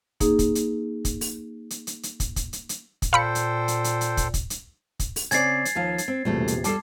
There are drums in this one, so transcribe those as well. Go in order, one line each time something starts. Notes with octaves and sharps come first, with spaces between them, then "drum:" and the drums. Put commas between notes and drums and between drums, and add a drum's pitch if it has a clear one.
A#3 D#4 G#4, drum: kick, hi-hat
drum: kick, hi-hat
drum: hi-hat
drum: kick, hi-hat
drum: open hi-hat
drum: hi-hat
drum: hi-hat
drum: hi-hat
drum: kick, hi-hat
drum: kick, hi-hat
drum: hi-hat
drum: hi-hat
drum: kick, hi-hat
A#2 A4 C5 F5 G5 B5 C#7
drum: hi-hat
drum: hi-hat
drum: hi-hat
drum: hi-hat
drum: kick, hi-hat
drum: kick, hi-hat
drum: hi-hat
drum: kick, hi-hat
drum: open hi-hat
C#3 C4 D5 G#5 G#6 A6 C7, drum: hi-hat
drum: hi-hat
D#2 F3 F5
drum: hi-hat
C4
E1 A#1 C3 G3 A3 G4
drum: hi-hat
G3 A4 A5 D6 C7, drum: hi-hat